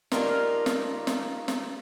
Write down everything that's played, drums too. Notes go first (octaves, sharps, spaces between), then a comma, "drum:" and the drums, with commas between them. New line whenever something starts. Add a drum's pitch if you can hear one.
D#3 A#3 D4 F4 G4 A#4, drum: snare
drum: snare
drum: snare
drum: snare